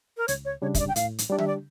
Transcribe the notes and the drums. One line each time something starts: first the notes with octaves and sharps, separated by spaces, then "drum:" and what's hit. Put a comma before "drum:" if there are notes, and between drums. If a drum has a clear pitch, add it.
A#4
C#2 C#5, drum: hi-hat
C#5
C#3 G3 D4 C#5
E5, drum: kick, hi-hat
D5
G5
A2 F5, drum: hi-hat
drum: hi-hat
G3 D4 G4 D5
E5, drum: tom D3
D5